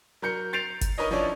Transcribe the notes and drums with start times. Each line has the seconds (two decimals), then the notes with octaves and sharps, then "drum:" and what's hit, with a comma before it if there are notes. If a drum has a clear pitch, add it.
0.22 F#3 A#4 G6 C#7
0.53 G6 A6 C7 D7 F7
0.81 drum: kick F#1, hi-hat
0.98 D#4 A#4 B4 C#5 D#5
1.11 F3 C#4 D4 E4 C#5 D5